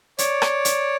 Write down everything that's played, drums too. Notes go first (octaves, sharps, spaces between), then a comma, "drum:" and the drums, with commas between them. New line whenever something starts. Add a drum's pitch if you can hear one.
C#5 D5, drum: hi-hat
drum: rim click
drum: hi-hat